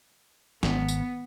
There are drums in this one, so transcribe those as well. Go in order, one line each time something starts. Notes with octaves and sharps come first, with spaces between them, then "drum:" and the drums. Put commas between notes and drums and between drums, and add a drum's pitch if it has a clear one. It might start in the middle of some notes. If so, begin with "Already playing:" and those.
G#1 B3, drum: snare
drum: tambourine